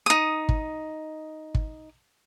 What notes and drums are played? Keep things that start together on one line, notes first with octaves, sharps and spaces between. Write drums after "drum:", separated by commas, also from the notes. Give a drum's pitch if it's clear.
D#4 D#6
drum: kick
drum: kick